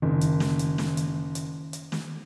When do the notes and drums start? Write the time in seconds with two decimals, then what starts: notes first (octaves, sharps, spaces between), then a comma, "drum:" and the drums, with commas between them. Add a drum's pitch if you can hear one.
0.02 F#1 D#3
0.21 drum: hi-hat
0.40 drum: snare
0.59 drum: hi-hat
0.78 drum: snare
0.97 drum: hi-hat
1.35 drum: hi-hat
1.73 drum: hi-hat
1.92 drum: snare